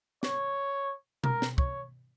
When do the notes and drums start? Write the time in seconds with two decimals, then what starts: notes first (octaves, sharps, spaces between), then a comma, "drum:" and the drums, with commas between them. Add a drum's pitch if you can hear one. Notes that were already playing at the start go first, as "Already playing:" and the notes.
0.23 C#5, drum: snare
1.24 A#4, drum: tom B2
1.42 drum: snare
1.58 C#5, drum: kick